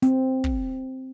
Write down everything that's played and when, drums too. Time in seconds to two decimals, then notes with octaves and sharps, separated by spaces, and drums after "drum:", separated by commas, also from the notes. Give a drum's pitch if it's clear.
0.02 C4, drum: hi-hat
0.44 drum: kick